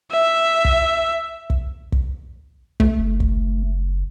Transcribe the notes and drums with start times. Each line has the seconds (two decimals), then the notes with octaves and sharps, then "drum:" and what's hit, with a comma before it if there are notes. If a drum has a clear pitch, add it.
0.12 E5
0.65 drum: kick
1.50 drum: kick
1.92 drum: kick
2.80 A3, drum: kick
2.99 F#1
3.20 drum: kick